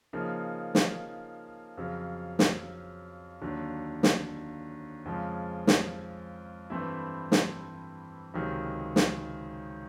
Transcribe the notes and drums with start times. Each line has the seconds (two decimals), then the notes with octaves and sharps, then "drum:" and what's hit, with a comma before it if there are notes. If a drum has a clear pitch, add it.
0.13 C#3 F3 A#3 D#4
0.75 drum: snare
1.77 F2 C#3 F#3
2.39 drum: snare
3.41 D#2 D3 F#3
4.03 drum: snare
5.05 F2 C#3 F3 G#3
5.67 drum: snare
6.70 G2 E3 A3 C4 E4
7.32 drum: snare
8.34 C#2 C3 D#3 F#3
8.96 drum: snare